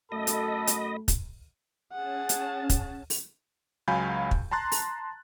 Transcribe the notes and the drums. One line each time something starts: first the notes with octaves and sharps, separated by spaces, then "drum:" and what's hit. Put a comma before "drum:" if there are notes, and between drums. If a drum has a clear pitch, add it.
F#2 A3 F#4 A4 D#5 B5
drum: hi-hat
drum: hi-hat
drum: kick, hi-hat
C#4 G#4 F#5 A5
drum: hi-hat
drum: kick, hi-hat
drum: open hi-hat
C#2 F#3 F5 G#5 B5 G6
drum: kick
A5 A#5 C6 F#6 A6
drum: open hi-hat